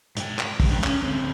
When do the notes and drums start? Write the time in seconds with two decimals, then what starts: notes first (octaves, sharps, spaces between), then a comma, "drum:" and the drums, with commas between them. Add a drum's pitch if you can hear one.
0.17 G#2 G5, drum: hi-hat
0.39 G5, drum: clap
0.60 drum: kick, open hi-hat
0.69 G#3 D4
0.84 C#4, drum: clap
1.03 D3 C4